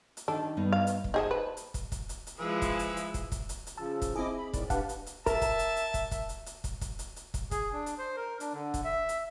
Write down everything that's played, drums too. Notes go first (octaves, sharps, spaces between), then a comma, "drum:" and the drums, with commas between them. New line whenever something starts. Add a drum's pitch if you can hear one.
drum: hi-hat
D#3 D4 A4
G2 B3 D#4
F5
drum: hi-hat
drum: kick
D#4 G#4 C5 D#5 A5
B4
drum: hi-hat
drum: kick, hi-hat
drum: kick, hi-hat
drum: hi-hat
drum: hi-hat
F3 G#3 E4 G#4 B4 E6
drum: kick, hi-hat
drum: hi-hat
drum: hi-hat
drum: kick, hi-hat
drum: kick, hi-hat
drum: hi-hat
drum: hi-hat
C#3 F3 A5 E6
drum: kick, hi-hat
C4 E4 G#4 D#5 D6
B5
A2 D#3 D5, drum: kick, hi-hat
D4 G4 B4 F5 F#5 A5, drum: kick, hi-hat
drum: hi-hat
drum: hi-hat
A#4 E5 A5, drum: kick, hi-hat
drum: kick, hi-hat
drum: hi-hat
drum: hi-hat
drum: kick, hi-hat
drum: kick, hi-hat
drum: hi-hat
drum: hi-hat
drum: kick, hi-hat
drum: kick, hi-hat
drum: hi-hat
drum: hi-hat
drum: kick, hi-hat
G#4, drum: kick, hi-hat
D4
drum: hi-hat
C5
A#4
D4, drum: hi-hat
D3
drum: kick, hi-hat
E5
drum: hi-hat